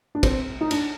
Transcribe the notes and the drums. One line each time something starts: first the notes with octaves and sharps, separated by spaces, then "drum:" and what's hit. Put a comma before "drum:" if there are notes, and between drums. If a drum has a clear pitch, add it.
D4
C4, drum: kick, cymbal
D#4
D4, drum: cymbal